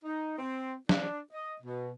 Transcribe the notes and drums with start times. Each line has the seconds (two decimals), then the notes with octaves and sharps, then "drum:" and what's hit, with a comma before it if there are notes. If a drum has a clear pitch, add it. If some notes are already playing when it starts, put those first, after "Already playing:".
0.04 D#4
0.38 C4
0.89 D4, drum: snare
1.33 D#5
1.62 B2